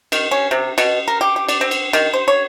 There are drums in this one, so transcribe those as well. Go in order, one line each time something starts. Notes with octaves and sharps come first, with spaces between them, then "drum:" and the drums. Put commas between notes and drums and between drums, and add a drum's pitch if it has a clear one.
D#3, drum: cymbal
C#4
C3
B2, drum: cymbal
A#4
G4
G4
D5, drum: cymbal
C4
drum: cymbal
D#3, drum: cymbal
C5
C#5